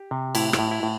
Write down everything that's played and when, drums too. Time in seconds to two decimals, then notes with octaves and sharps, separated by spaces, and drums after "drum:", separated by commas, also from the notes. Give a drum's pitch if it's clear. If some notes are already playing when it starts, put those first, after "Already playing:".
Already playing: G4
0.11 C3
0.35 A2 E4, drum: cymbal
0.53 E4, drum: rim click
0.59 A2
0.71 E4
0.83 A2